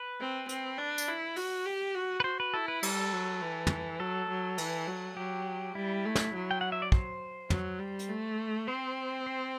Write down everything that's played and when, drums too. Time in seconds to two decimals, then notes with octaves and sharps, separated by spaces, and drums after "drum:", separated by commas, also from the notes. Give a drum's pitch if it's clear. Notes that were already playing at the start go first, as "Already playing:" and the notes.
Already playing: B4
0.20 C4
0.49 C4, drum: hi-hat
0.78 D4
0.98 drum: tambourine
1.08 E4
1.36 F#4, drum: open hi-hat
1.66 G4
1.95 F#4
2.20 B4
2.24 F#4 C5
2.40 B4
2.54 E4 A4
2.68 B4
2.83 G3 A4, drum: cymbal
3.13 F#3
3.42 E3
3.67 drum: tom
4.00 F#3 A4
4.30 F#3
4.58 E3, drum: cymbal
4.88 F#3
5.16 F#3 G4
5.75 G3 E4
6.05 A3
6.16 drum: snare
6.35 F#3
6.51 G5
6.61 F#5
6.72 E5
6.82 D5
6.92 C5, drum: kick
7.50 F#3, drum: tom
7.80 G3
7.99 drum: hi-hat
8.09 A3
8.68 C4 C5
9.26 C5